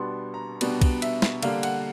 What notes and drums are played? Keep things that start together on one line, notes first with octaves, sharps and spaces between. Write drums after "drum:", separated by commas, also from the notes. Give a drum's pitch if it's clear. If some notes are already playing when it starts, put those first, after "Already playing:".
Already playing: B2 G3 B3 D4 C6
A#5
B2 G3 B3 D4, drum: cymbal
drum: kick, cymbal
E5, drum: cymbal
drum: snare
D3 G3 A#3 F5, drum: cymbal
F#5, drum: cymbal